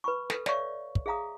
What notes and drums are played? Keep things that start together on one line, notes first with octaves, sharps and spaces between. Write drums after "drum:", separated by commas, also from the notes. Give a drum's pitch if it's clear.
B4 B5 C#6
A4 B4, drum: snare
C#5 D5 E5 F5 C#6, drum: snare
drum: kick
G#4 E5 F5 A#5 D#6